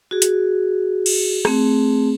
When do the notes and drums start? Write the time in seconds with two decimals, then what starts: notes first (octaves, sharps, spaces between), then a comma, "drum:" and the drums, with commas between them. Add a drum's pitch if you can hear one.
0.11 F#4 G#4
0.22 drum: hi-hat
1.06 drum: cymbal
1.45 A3 C4 G#4, drum: rim click